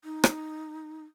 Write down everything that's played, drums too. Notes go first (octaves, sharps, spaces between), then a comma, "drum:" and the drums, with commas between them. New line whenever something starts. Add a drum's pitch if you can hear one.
D#4
drum: rim click